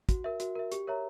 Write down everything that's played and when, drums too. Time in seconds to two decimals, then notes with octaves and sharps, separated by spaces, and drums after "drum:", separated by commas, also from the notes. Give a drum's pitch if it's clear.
0.09 F#4, drum: kick, hi-hat
0.24 A#4 E5
0.40 F#4, drum: hi-hat
0.55 A#4 E5
0.72 G4, drum: hi-hat
0.87 A#4 C#5 E5 A#5